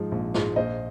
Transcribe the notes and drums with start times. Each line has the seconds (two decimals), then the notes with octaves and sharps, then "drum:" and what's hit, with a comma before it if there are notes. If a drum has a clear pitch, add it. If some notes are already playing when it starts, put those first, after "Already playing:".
Already playing: G#2 F3 G#3
0.12 A#1
0.34 G#2 F3 G#3, drum: snare
0.56 A#1 C5 D#5